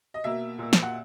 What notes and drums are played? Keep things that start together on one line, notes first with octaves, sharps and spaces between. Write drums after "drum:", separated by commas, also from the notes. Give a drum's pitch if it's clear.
D#5
B2 A#3 E5
A#2 A#3
drum: snare
F#5